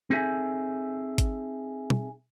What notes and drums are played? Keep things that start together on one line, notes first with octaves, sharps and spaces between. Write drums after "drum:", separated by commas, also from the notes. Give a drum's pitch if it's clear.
C4 D#4 G#4 A4 E5 G#5
drum: kick G#1, hi-hat
drum: tom